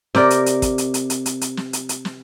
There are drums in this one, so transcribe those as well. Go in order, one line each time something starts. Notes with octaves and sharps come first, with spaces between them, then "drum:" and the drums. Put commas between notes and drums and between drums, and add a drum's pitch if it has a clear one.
C3 G4 A#4 D5, drum: snare
drum: hi-hat
drum: hi-hat
drum: kick, hi-hat
drum: hi-hat
drum: hi-hat
drum: hi-hat
drum: hi-hat
drum: hi-hat
drum: snare
drum: hi-hat
drum: hi-hat
drum: snare